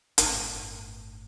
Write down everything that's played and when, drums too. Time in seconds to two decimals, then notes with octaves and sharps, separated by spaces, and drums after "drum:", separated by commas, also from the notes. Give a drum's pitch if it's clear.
0.18 G1 A2, drum: hi-hat